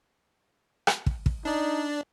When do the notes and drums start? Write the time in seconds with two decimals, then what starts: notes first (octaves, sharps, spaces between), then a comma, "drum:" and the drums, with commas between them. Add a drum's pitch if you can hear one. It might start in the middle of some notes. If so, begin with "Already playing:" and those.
0.87 drum: rim click
1.06 drum: kick
1.26 drum: kick
1.45 D4 D#4 D5